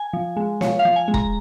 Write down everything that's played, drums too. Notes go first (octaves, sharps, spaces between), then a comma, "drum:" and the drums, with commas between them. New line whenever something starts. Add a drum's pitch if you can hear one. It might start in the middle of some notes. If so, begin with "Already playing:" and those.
Already playing: G#5
F3
G#3
F3 C#5, drum: snare A#3
F5
F3
G#5
G#3
A#5, drum: kick E1